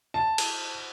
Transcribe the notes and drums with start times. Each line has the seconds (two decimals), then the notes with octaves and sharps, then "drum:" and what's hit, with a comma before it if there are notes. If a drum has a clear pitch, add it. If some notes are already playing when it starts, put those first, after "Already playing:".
0.14 A5
0.38 drum: cymbal